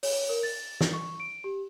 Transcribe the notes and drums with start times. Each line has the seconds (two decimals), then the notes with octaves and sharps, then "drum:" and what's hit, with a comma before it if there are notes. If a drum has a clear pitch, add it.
0.03 C#5, drum: open hi-hat
0.29 A#4
0.43 A6
0.81 drum: snare
0.93 C#6
1.20 D7
1.44 G4